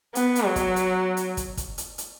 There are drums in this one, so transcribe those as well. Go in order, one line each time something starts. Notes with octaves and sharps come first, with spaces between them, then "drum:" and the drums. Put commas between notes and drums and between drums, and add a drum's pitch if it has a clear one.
B3, drum: hi-hat
drum: hi-hat
F#3
drum: kick, hi-hat
drum: hi-hat
drum: hi-hat
drum: kick, hi-hat
drum: kick, hi-hat
drum: hi-hat
drum: hi-hat